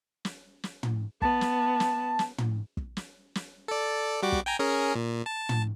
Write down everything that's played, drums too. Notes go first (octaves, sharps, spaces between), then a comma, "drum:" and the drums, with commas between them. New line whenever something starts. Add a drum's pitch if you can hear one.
drum: snare
drum: snare
drum: tom
B3 A5, drum: kick
drum: snare
drum: snare
drum: snare
drum: tom
drum: kick
drum: snare
drum: snare
A4 D5
G3 F#4 D6
drum: kick
G5 G#5 A#5
C#4 G#4 A#4
A#2
A5
drum: tom